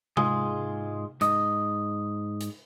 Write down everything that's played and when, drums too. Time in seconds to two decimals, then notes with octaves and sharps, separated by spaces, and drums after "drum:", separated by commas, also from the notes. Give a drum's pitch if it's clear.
0.17 G#2 G#3 F4 G#4, drum: tom C3
1.21 G#2 D#5, drum: hi-hat
2.41 drum: hi-hat